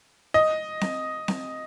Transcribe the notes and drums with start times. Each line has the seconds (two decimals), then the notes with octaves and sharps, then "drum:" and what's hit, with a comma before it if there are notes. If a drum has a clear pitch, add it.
0.34 D#5
0.81 drum: snare C4
1.28 drum: snare C4